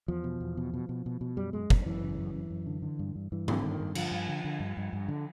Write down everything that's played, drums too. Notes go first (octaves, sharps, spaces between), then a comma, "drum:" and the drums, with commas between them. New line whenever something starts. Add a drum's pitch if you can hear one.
E2 F3
B2
E2
B2
B2
B2
B2
B2
F#2 G3
F#2 G#3
F#2, drum: kick
F#2 E3
C#3
F#2
F#2
F#2
D3
D3
G2
G2
G2 E3
D3, drum: tom
G2 D#3
G2
D3 F3, drum: cymbal
G2
D3
D3
G2
G2
G2
D3